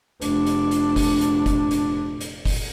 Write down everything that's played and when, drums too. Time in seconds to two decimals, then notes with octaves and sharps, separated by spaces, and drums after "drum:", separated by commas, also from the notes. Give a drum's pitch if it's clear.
0.22 F1 D4, drum: hi-hat
0.46 drum: hi-hat
0.71 drum: hi-hat
0.96 drum: kick F#1, open hi-hat
1.21 drum: hi-hat
1.46 drum: kick F#1, hi-hat
1.71 drum: hi-hat
2.21 drum: hi-hat
2.45 drum: kick F#1, open hi-hat